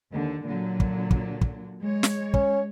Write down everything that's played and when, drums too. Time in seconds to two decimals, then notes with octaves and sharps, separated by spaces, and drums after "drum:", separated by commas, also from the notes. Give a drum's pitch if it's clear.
0.11 D#2 D3
0.45 A#2 D3 F#3
0.80 drum: kick
1.11 drum: kick
1.42 drum: kick
1.81 G#3 C#5
2.03 drum: snare
2.34 C#4, drum: kick